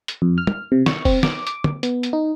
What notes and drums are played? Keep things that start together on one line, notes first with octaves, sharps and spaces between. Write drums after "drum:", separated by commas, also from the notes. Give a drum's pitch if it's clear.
drum: hi-hat
F2
F6
drum: tom
C3
C#6, drum: snare
C4, drum: kick, open hi-hat
D6, drum: snare
D6, drum: hi-hat
drum: tom
B3, drum: hi-hat
drum: hi-hat
D#4